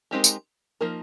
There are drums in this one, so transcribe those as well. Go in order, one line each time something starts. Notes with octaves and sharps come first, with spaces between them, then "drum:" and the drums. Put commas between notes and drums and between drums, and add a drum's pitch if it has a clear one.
G#3 C4 D#4 G4 A#4
drum: tambourine
F3 A#3 D#4 A#4